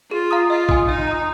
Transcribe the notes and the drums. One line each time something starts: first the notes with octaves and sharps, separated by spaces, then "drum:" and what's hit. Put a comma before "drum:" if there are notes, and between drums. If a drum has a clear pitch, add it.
F4 G#4
F5 A#5 D#6
F4 D#5
G#5 D#6, drum: kick A#1
D#4 D#5
A#5 D#6